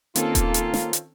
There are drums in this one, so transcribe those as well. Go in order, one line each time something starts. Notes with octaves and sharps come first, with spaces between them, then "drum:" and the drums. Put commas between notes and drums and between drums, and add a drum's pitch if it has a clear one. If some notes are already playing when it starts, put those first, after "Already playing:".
D#3 A#3 C4 C#4 F4 A4, drum: hi-hat
drum: kick D#1, hi-hat
drum: hi-hat
drum: snare
drum: hi-hat